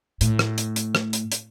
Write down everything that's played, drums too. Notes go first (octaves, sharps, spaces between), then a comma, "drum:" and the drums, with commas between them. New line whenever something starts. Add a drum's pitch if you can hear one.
A2, drum: hi-hat
drum: rim click
drum: hi-hat
drum: hi-hat
drum: rim click
drum: hi-hat
drum: hi-hat